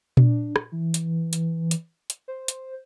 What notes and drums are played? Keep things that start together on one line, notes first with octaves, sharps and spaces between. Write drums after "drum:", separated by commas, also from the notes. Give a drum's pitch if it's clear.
D4, drum: tom A#2
drum: rim click
E3
drum: hi-hat
drum: hi-hat
drum: hi-hat
drum: hi-hat
C5
drum: hi-hat